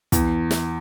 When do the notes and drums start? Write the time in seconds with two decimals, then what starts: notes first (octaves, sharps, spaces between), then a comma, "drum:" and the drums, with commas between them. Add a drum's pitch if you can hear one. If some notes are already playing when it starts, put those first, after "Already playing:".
0.12 E2, drum: kick, hi-hat
0.51 drum: snare